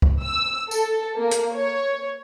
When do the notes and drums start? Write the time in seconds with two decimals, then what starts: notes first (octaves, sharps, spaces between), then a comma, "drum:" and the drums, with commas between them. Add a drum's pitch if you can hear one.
0.02 drum: kick
0.22 E6
0.71 A4, drum: tambourine
1.18 A#3
1.31 drum: hi-hat
1.56 C#5